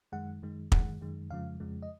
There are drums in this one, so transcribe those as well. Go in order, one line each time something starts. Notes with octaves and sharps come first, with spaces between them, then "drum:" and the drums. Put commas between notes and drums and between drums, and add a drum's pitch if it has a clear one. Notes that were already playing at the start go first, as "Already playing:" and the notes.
F#2 D#3 G#3 F#5
F#2 D#3 G#3
F#2 D#3 G#3 F#5, drum: kick
F#2 D#3 G#3
F2 C#3 F3 G#3 F5
F2 C#3 F3 G#3
D#5